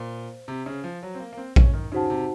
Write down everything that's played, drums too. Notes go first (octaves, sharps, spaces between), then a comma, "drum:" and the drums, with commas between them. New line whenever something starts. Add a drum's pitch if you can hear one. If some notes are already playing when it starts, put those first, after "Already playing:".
Already playing: A#2 C5
C3
C#3
F3
F#3
C4
A#3
A#3
C4
C#4, drum: kick A#1
D#3
C#3 D#4 F#4 C5 F#5 A5
C3